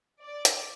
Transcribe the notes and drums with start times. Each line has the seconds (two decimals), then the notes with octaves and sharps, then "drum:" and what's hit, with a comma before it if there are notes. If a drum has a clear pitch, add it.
0.25 D5
0.45 drum: hi-hat